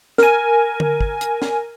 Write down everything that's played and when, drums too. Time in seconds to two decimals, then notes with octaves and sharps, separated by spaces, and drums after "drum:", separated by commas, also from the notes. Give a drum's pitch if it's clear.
0.18 A#4 G#5, drum: snare
0.80 drum: tom D3
1.01 drum: kick
1.21 drum: hi-hat
1.42 drum: snare